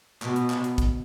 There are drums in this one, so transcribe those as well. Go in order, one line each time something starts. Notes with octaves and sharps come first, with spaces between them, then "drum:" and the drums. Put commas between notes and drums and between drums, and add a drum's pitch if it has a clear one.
B2, drum: clap
drum: hi-hat
drum: clap
drum: hi-hat
drum: kick A#1, hi-hat